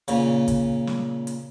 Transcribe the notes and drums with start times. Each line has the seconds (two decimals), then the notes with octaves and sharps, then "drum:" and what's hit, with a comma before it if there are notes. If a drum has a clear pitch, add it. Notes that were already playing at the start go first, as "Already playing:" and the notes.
0.08 A#2 C#3, drum: hi-hat
0.48 drum: kick, hi-hat
0.87 drum: snare
1.27 drum: hi-hat